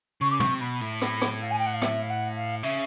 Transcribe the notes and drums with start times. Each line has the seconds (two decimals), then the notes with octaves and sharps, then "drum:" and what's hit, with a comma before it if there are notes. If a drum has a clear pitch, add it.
0.21 C#3 C#6
0.31 D6
0.40 C3 C#6, drum: tom
0.61 B2 B5
0.81 A2
1.02 B5, drum: rim click
1.22 drum: rim click
1.42 F5
1.51 G#5
1.59 G5
1.66 F#5
1.74 F5
1.82 E5, drum: rim click
2.02 F5
2.10 F#5
2.36 F5
2.63 C#3 E5